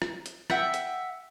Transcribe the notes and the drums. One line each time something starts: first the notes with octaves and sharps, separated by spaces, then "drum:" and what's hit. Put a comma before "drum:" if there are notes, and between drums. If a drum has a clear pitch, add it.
drum: rim click
drum: hi-hat
E5 F#5 G5, drum: rim click
drum: hi-hat